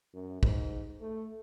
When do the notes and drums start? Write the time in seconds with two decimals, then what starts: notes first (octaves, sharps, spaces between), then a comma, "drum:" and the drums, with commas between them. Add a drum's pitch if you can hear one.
0.14 F#2
0.43 G#2, drum: kick
1.01 A3